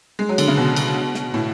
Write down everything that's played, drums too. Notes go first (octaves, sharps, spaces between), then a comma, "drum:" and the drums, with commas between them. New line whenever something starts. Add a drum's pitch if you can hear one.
G#3
F#3
D3, drum: cymbal
C#3
B2
drum: cymbal
drum: snare
A2